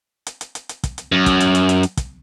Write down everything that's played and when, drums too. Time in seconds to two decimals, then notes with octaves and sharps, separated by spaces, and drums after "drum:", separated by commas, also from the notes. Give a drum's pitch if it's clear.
0.27 drum: hi-hat
0.41 drum: hi-hat
0.55 drum: hi-hat
0.69 drum: hi-hat
0.84 drum: kick, hi-hat
0.98 drum: hi-hat
1.12 F#2
1.26 drum: kick, hi-hat
1.40 drum: hi-hat
1.55 drum: hi-hat
1.69 drum: hi-hat
1.83 drum: hi-hat
1.97 drum: kick, hi-hat